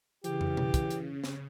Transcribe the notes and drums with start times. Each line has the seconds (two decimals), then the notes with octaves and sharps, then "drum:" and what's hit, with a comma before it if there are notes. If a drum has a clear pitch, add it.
0.24 C#3 E3 G4, drum: hi-hat
0.41 drum: tom
0.57 drum: tom B2
0.74 drum: kick, hi-hat
0.90 drum: hi-hat
1.24 drum: snare C#5